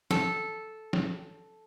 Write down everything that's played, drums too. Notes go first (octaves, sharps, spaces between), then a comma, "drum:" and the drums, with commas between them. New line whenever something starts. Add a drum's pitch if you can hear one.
A4, drum: snare
drum: snare